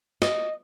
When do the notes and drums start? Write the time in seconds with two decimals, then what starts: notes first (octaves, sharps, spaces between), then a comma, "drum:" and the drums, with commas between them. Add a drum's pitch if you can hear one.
0.22 D#5, drum: snare